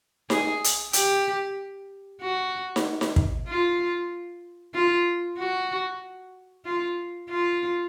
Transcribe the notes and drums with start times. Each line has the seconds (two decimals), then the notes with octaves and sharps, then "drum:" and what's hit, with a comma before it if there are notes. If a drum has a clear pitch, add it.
0.30 G#4, drum: snare D#4
0.64 drum: hi-hat
0.93 G4, drum: hi-hat
2.21 F#4
2.76 drum: snare D#4
3.01 drum: snare D#4
3.16 drum: kick
3.48 F4
4.74 F4
5.38 F#4
6.65 F4
7.29 F4